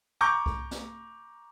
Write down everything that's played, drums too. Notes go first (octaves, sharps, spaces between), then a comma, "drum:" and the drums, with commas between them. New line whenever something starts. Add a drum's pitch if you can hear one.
A#5 C#6 D6 G6
drum: kick C2
drum: snare